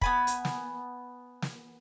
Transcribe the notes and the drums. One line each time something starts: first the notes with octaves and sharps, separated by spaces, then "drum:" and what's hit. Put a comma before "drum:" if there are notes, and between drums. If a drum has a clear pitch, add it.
B3 G#5 B5, drum: kick
drum: hi-hat
drum: snare
drum: snare